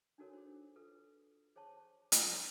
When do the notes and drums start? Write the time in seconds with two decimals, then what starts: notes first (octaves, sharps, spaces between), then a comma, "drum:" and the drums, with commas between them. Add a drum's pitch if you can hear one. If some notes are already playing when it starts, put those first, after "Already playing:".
0.18 D4 D#4 F#4 A4 A#4 C#5
0.33 G#4 C5
0.76 F4 A4 B4
1.56 G#4 C5 C#5 A5 C#6
2.12 A4 G#5, drum: hi-hat